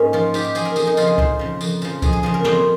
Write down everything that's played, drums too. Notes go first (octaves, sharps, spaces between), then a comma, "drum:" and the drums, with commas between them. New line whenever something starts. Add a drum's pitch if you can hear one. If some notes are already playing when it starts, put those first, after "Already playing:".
Already playing: G#2 A#3 C#4 D#4
F3 F4
G#2 G4, drum: tambourine
G4
F3 G#4, drum: tambourine
A#4
F2 G#4, drum: tambourine
D#4
C#3 F3 F4, drum: tambourine
G#4
F2 C5, drum: kick C#2
C#3 F3
F2, drum: tambourine
C#3 F3, drum: tambourine
F2 G#4, drum: kick C#2, tambourine
G#4
C#3 F3 G#4
A#4
F2 C5, drum: snare